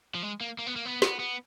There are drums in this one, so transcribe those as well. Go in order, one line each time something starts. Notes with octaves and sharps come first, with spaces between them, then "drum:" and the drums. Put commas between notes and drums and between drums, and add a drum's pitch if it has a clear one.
F3
G#3
A#3
A#3
B3
A#3
B3
B3, drum: snare
B3